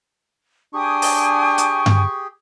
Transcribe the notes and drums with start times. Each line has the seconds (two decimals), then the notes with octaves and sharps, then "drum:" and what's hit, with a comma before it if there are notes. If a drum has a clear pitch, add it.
0.74 D4 G4 G#4 G5 G#5 C#6 D#6
1.02 drum: open hi-hat
1.58 drum: hi-hat
1.86 drum: tom G2